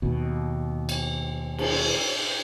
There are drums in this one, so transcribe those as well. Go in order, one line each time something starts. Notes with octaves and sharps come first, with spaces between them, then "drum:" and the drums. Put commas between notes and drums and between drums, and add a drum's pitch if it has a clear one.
D#2 B2
drum: cymbal
drum: cymbal